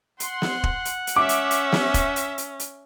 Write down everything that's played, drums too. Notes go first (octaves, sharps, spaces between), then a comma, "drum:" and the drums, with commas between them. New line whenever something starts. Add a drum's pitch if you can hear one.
F#5 C6, drum: hi-hat
drum: snare
drum: kick
drum: hi-hat
drum: hi-hat
C#4 E5 D6
drum: hi-hat
drum: hi-hat
drum: snare
drum: kick, hi-hat
drum: hi-hat
drum: hi-hat
drum: hi-hat